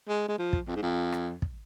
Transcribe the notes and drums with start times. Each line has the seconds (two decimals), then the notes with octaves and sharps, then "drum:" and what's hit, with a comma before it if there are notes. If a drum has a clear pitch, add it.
0.08 G#3
0.28 G#3
0.39 F3
0.53 drum: kick
0.68 F2
0.76 G#2
0.83 F2
1.12 drum: rim click
1.42 drum: kick